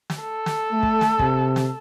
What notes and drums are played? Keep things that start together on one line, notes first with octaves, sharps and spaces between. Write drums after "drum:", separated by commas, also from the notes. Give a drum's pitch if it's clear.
drum: snare
A4
drum: snare
A3
drum: kick
drum: snare
C3, drum: kick
drum: snare